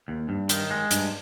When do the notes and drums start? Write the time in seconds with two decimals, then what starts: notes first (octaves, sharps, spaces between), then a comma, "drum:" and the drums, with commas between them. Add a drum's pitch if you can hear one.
0.08 D#2
0.29 G2
0.49 D#3, drum: hi-hat
0.70 G#3
0.91 G2, drum: hi-hat